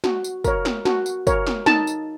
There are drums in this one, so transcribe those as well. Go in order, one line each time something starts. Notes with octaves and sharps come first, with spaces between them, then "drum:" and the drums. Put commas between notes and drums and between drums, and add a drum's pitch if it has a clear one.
F#4, drum: snare
drum: tambourine
A#4 C#5, drum: kick, tambourine
drum: snare
F#4, drum: snare
drum: tambourine
A#4 C#5, drum: kick, tambourine
drum: snare
D#4 A5, drum: snare
drum: tambourine